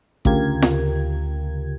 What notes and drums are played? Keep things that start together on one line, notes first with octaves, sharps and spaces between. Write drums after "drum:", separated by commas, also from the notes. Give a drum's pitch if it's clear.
D2 C#3 F4 G4 A#4 G#6, drum: kick A1
drum: snare